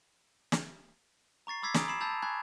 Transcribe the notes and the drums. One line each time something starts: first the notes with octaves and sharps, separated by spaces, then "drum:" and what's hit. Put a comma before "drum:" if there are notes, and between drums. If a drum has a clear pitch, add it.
drum: snare
A#5 C#6 A6 C7
B5 D6 E6 G#6 B6 C7
G#5 A#5 D6 D#6 D7, drum: snare
B5 G#6 C7 E7
A5 B5 E6 G6 A6 F7
G#5 B5 C#6 F#6 G#6